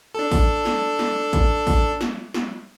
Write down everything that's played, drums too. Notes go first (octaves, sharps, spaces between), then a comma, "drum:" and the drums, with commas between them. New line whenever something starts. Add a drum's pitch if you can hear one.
D4 A4
drum: kick, open hi-hat
drum: snare
drum: snare
drum: kick, hi-hat
drum: kick, open hi-hat
drum: snare
drum: snare